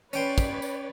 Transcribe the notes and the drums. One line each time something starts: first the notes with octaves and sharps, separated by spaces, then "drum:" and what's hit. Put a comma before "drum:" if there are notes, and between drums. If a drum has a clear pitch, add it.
C#4 B4 C#5 D5 G5 C6, drum: tambourine
drum: kick, tambourine
drum: tambourine